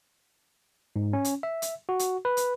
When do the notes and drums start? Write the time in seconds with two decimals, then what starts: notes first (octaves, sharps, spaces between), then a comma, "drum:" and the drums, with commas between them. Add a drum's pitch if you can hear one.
0.96 G#2
1.13 C#4
1.25 drum: hi-hat
1.43 E5
1.62 drum: hi-hat
1.89 F#4
1.99 drum: hi-hat
2.25 B4
2.37 drum: hi-hat